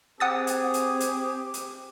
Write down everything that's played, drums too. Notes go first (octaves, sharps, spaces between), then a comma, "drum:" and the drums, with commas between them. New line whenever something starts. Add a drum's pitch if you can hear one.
C4 G4 G#4 F#5 D#6 A6
drum: hi-hat
drum: hi-hat
drum: hi-hat
drum: hi-hat